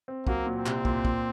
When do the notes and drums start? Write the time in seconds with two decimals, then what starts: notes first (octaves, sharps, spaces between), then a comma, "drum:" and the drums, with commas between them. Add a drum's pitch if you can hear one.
0.08 C4
0.27 F#3 A#3, drum: kick
0.46 A#2
0.56 C4
0.66 C2, drum: clap
0.85 A#2, drum: kick
1.05 A#2, drum: kick